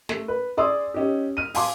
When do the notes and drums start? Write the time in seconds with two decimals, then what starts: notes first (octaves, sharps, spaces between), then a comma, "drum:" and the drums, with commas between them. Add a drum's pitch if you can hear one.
0.09 A3, drum: snare
0.28 B4
0.57 G#4 D5 C6 D#6 E6
0.94 C#4 D#4 G4
1.37 F6 D#7
1.54 F5 G#5 A5 C6 D6, drum: open hi-hat